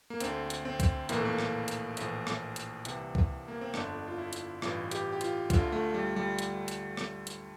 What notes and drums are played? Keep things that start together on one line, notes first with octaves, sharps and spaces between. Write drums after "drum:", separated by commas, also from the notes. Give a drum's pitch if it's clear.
A#3
D2 D3 C4, drum: hi-hat
drum: hi-hat
C4
drum: kick, hi-hat
A#1 A2 E3 A#3, drum: hi-hat
A3
A#3
drum: rim click
drum: hi-hat
A#1 A2 E3, drum: hi-hat
drum: rim click
drum: hi-hat
C2 C3 E3, drum: hi-hat
drum: kick
A#3
C4
G1 F2 D3 D4, drum: rim click
F4
E4
drum: hi-hat
A1 G2 E3 F4, drum: rim click
G4, drum: hi-hat
G4
F4, drum: hi-hat
D2 D3 F4, drum: kick, hi-hat
A3
G3
G3
drum: hi-hat
drum: hi-hat
drum: rim click
drum: hi-hat